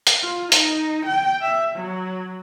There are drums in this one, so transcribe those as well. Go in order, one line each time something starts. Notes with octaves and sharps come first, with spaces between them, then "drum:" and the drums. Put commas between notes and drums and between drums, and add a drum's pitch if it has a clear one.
drum: hi-hat
F4
D#4, drum: hi-hat
G5
E5
F#3